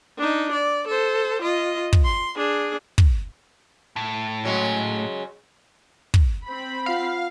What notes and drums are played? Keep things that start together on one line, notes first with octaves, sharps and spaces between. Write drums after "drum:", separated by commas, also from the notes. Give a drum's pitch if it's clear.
D4 D#4
D5
A4 C5
F4 D#5
drum: kick
C6
D4 G#4
drum: kick
A2
C#3 F#3 G#3
drum: kick
C4 B5
F4 F5 F#5